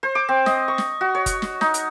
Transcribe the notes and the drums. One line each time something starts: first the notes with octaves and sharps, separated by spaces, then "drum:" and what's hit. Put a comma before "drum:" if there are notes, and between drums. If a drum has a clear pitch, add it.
C5
D6
C4
D#5, drum: snare
C#6
drum: snare
F#4
C#5
drum: kick F#1, hi-hat
drum: snare
D#4, drum: snare
drum: hi-hat